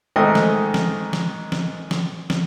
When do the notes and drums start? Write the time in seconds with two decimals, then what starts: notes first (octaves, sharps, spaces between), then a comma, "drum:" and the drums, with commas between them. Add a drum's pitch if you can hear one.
0.16 G#2 D#3 A3 D#5
0.35 drum: snare
0.74 drum: snare
1.13 drum: snare
1.52 drum: snare
1.91 drum: snare
2.30 drum: snare